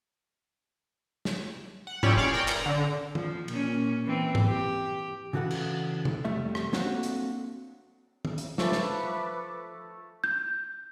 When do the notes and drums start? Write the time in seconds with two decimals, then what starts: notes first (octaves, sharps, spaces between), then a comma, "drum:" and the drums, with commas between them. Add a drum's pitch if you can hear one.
1.25 drum: snare
1.87 F#5
2.03 C#4 E4 F4 G4 C#5 D5, drum: tom G#2
2.17 G#4 C#5 D5 F5, drum: kick
2.33 A#4 D5 G5 C6
2.48 A#5, drum: clap
2.66 D3
3.15 F3, drum: tom
3.48 A#2 C#4, drum: cymbal
4.05 E3 C4
4.35 drum: tom G#2
4.47 G4
5.33 C#3 E3 F#4 A4 F#5
5.50 drum: cymbal
6.05 drum: tom
6.25 F2 G3 A3 E5
6.55 drum: rim click
6.73 A#3 C4 D4 F#4 A4 F#5, drum: snare
7.03 drum: hi-hat
8.25 drum: tom
8.38 drum: hi-hat
8.58 F3 A3 B4 A5 D6, drum: snare
8.72 drum: snare
10.24 G6